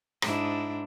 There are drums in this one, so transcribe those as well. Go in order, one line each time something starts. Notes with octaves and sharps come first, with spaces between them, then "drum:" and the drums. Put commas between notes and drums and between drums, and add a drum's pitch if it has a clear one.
G#2 D4 E4, drum: rim click